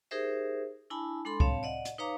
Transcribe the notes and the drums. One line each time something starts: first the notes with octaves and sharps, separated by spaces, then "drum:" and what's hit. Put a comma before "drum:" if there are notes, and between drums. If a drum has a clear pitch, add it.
D#4 G4 G#4 A#4 C5 E5
D4 E4 G#5 A5 B5
G#3 D4 A4 B5 C6
C4 C#5 F5 A5, drum: kick
D5 D#5 F#5
drum: hi-hat
D#4 B4 C#5 F5 A#5 D6